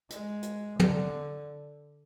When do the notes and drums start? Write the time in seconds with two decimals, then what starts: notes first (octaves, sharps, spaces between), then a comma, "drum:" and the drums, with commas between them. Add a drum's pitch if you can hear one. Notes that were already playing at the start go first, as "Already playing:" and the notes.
0.10 G#3, drum: hi-hat
0.43 drum: hi-hat
0.79 D3, drum: tom